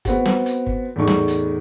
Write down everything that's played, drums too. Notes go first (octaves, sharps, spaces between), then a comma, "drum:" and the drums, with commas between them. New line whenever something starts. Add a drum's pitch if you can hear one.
B3 C4 F#4, drum: kick G1, hi-hat
drum: snare
drum: hi-hat
drum: kick G1
E2 A2 D#4 C#6
drum: snare
drum: hi-hat